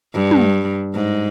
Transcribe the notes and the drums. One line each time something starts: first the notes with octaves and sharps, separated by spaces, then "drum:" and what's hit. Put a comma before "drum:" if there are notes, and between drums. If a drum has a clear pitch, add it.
G2
drum: tom
G#2